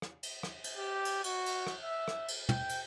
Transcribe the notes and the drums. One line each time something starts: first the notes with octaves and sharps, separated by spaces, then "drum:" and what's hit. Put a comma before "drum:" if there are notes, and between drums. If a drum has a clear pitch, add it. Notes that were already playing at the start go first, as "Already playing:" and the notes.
drum: rim click
drum: cymbal
drum: rim click
drum: cymbal
G4
drum: cymbal
F#4, drum: cymbal
drum: cymbal
drum: rim click
E5
drum: rim click
drum: cymbal
G5, drum: tom
drum: cymbal